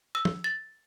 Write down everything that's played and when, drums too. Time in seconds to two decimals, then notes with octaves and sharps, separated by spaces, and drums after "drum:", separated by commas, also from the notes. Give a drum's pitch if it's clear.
0.15 E6
0.25 drum: tom
0.44 A6